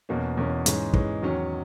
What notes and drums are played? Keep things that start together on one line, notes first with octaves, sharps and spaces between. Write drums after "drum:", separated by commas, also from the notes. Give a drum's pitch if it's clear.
E2 B2 A#3 C#4
E2 B2 A#3 C#4
G#2 E3 G#3 C#4, drum: hi-hat
G#2 E3 G#3 C#4, drum: kick
E2 D#3 F#3 C#4